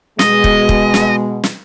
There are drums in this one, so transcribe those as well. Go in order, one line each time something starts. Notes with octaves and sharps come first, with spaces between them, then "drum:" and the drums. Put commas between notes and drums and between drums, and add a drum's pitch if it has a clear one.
B2 G#3 D#5, drum: snare
drum: kick
drum: kick
drum: snare
drum: snare